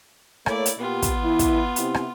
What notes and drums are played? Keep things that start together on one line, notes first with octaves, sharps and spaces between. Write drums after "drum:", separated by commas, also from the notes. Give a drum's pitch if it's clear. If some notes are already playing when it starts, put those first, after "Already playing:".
A3 A#3 E4 C#5 D5, drum: rim click
drum: hi-hat
A#2 B3 F4 G4
drum: kick, hi-hat
E3 E4
drum: kick, hi-hat
C3 E4, drum: hi-hat
drum: rim click